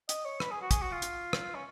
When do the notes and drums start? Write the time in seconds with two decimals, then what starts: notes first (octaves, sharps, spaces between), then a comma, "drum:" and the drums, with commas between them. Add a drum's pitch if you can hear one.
0.09 D#5, drum: hi-hat
0.25 C#5
0.40 B4, drum: rim click
0.51 G#4
0.62 F#4
0.71 G#4, drum: kick, hi-hat
0.82 F#4
0.91 F4
1.02 drum: hi-hat
1.33 drum: rim click
1.55 C#4